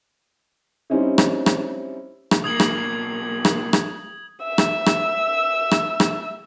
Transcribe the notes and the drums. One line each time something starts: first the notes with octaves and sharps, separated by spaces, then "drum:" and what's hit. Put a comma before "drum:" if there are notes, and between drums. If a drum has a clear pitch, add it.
G3 C4 C#4 D#4 E4
drum: rim click
drum: rim click
drum: rim click
B1 A#3 D#6 G#6 F#7
drum: rim click
drum: rim click
drum: rim click
E5 E6
drum: rim click
drum: rim click
drum: rim click
drum: rim click